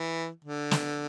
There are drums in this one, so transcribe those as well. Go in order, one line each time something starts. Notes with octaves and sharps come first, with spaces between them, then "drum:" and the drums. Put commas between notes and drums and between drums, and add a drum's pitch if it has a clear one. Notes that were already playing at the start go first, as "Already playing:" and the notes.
Already playing: E3
D3
drum: snare